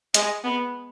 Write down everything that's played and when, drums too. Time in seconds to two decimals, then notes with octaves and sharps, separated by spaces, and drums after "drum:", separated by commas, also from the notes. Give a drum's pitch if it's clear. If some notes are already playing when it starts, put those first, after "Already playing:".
0.14 G#3, drum: hi-hat
0.44 B3